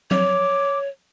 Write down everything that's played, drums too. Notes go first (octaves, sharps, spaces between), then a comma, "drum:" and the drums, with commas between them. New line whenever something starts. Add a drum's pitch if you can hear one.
C#5 D6, drum: tom F#3